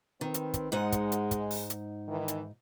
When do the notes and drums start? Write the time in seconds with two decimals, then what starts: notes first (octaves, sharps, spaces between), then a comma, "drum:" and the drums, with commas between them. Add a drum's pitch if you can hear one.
0.21 D#3 C4 B4
0.34 drum: hi-hat
0.54 drum: kick, hi-hat
0.72 G#2 G#3 D#4 F#5
0.92 drum: kick, hi-hat
1.12 drum: hi-hat
1.31 drum: kick, hi-hat
1.50 drum: open hi-hat
1.70 drum: hi-hat
2.09 D#3 E3
2.28 drum: hi-hat